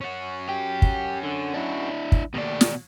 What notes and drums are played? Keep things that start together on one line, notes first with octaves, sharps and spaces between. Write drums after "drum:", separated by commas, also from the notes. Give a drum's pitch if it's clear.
C#4 F#4
G4
drum: kick
D3
D4 E4
drum: kick
D#2 B2 A3 D5
drum: snare